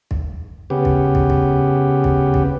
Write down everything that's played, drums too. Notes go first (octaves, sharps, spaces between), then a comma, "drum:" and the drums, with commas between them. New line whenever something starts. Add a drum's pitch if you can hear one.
drum: kick
C#3 B3 G4
drum: kick
drum: kick
drum: kick
drum: kick
drum: kick